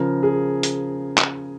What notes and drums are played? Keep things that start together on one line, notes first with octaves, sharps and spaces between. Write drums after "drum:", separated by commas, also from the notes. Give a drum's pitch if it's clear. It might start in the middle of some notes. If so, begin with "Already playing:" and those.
Already playing: C#3 F3 A#4
G#4
drum: hi-hat
drum: clap